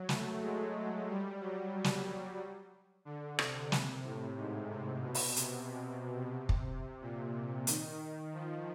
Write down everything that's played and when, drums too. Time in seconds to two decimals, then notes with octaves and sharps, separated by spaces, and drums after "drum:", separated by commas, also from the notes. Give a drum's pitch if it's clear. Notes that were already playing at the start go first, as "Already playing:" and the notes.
Already playing: F#3
0.09 A3, drum: snare
0.42 G#3
1.09 G3
1.40 F#3
1.84 drum: snare
3.05 D3
3.39 C3, drum: rim click
3.72 C3, drum: snare
4.05 A2
4.37 G#2
4.70 C3
5.03 B2
5.15 drum: open hi-hat
5.36 C3, drum: hi-hat
5.70 C3
6.49 drum: kick
7.01 A#2
7.67 D#3, drum: hi-hat
8.33 F3